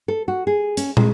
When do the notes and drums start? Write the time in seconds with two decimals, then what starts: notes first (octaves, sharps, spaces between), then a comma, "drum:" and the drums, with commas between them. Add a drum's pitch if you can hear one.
0.08 A4
0.28 F#4
0.47 G#4
0.77 C#4, drum: hi-hat
0.97 G#3, drum: tom